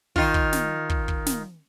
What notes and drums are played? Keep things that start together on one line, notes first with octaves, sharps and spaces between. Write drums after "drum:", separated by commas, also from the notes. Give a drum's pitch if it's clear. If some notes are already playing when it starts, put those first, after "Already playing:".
D#3 F4, drum: kick
drum: kick
drum: snare
drum: kick
drum: kick
drum: snare